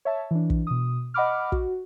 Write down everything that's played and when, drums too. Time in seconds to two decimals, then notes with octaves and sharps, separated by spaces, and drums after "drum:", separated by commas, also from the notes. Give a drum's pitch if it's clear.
0.05 C#5 E5 A5
0.31 E3 D4
0.50 drum: kick
0.67 B2 D#6
1.14 D#5 F#5 B5 D6 F6
1.52 F#4, drum: kick